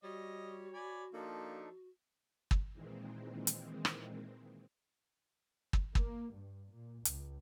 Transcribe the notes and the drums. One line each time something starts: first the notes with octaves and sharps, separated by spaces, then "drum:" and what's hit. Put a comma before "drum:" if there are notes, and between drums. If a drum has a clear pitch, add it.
G3 F#4 C#5 D#5
D5 G#5 B5
F3 A#3 D4 D#4 A4
drum: kick
A#2 D#3 E3 G#3 C4
drum: hi-hat
drum: rim click
drum: kick
A#3, drum: kick
G2
A#2
C#2, drum: hi-hat